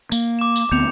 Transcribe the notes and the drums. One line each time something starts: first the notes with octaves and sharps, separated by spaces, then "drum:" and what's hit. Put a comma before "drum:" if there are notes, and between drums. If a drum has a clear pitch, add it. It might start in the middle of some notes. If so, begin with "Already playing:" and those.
A#3, drum: tambourine
D6 E7
drum: tambourine
D2 B3 C4 G6 C#7 F7